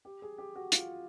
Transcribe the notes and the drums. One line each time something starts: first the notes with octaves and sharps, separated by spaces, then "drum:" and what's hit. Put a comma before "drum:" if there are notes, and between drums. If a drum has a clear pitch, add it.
G4
G#4
G4
F#4
F4, drum: hi-hat